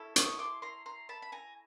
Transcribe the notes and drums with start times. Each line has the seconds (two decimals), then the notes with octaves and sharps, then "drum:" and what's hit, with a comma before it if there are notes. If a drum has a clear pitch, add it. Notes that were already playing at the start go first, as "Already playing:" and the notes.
Already playing: C#4 E4 A4
0.16 C#6 D#6, drum: hi-hat
0.39 C6 D6
0.62 A#5 C6
0.86 A#5 C6
1.09 A5 B5
1.22 B5
1.32 G#5 A#5